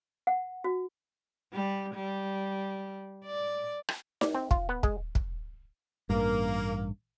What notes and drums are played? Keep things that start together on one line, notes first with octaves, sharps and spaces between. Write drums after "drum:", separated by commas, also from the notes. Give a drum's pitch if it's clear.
F#5
F#4
G3
G3
D5
drum: rim click
D5, drum: snare D#4
C4
F4, drum: kick
B3
G#3, drum: kick
drum: kick
A1 G2 A#3